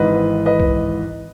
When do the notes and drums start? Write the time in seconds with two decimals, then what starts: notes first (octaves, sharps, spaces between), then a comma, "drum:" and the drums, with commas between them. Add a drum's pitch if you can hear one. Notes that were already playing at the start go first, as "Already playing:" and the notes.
Already playing: G#1 G#2 E3 B4 D#5
0.46 B4 D#5
0.60 drum: kick B1